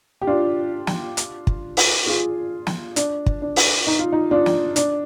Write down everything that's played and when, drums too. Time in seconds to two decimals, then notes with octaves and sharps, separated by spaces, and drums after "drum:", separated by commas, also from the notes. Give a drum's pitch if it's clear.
0.22 G4
0.27 D4 F4
0.87 drum: snare
1.17 drum: hi-hat
1.47 drum: kick
1.77 drum: open hi-hat
2.06 F4 G#4
2.67 drum: snare
2.96 D4, drum: hi-hat
3.26 drum: kick
3.42 D4
3.56 drum: open hi-hat
3.87 D#4
3.99 F4
4.13 D#4
4.31 D4 F4
4.46 drum: snare
4.76 D4, drum: hi-hat